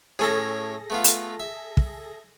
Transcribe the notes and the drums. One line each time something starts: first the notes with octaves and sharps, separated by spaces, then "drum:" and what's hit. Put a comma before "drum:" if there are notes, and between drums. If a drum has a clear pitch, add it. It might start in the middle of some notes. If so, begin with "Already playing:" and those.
A2 C#4 G#4 A4 E5 A#6
A3 B3 F4
drum: hi-hat
E5
drum: kick